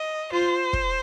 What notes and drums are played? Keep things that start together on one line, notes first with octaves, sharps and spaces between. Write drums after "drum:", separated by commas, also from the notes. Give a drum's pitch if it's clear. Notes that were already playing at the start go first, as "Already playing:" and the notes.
Already playing: D#5
F4 C5
drum: kick